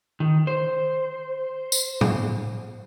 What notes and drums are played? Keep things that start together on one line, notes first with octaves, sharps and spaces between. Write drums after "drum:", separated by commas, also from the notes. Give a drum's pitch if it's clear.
D#3
C5
drum: tambourine
drum: tom A2